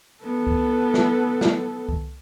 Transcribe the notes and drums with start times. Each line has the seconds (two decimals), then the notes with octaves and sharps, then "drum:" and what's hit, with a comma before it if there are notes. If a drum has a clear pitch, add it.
0.23 B3 A4
0.47 drum: kick C2
0.94 drum: snare
1.41 drum: snare
1.89 drum: kick C2